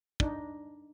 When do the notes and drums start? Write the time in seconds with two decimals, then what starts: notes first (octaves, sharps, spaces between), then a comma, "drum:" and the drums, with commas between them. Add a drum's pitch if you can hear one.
0.20 D4 D#4, drum: kick